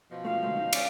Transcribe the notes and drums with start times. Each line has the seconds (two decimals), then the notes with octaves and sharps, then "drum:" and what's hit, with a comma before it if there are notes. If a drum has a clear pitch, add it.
0.11 F#2 B2 F3
0.25 A3 F4 F5
0.43 D3 G#3 A3
0.56 D#4
0.73 C#4 D5, drum: cymbal